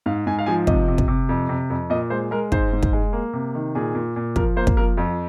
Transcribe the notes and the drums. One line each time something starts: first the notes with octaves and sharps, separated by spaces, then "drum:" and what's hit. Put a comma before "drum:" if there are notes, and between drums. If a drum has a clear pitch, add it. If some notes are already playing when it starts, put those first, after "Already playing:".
G#2 F5
G#2 G#5
F5
F3 G#5
C3 D#5, drum: kick
C3
drum: kick
C3
F2
C3
F2
A#2 D#5
G#3 C5
G#3 A#4
G#2 C5, drum: kick
G#2
drum: kick
G#3
A#3
C3
D#3
A#2 G#4
A#2
A#2
F3 A#4, drum: kick
A#3 C5
drum: kick
F3 A#4
F2 F4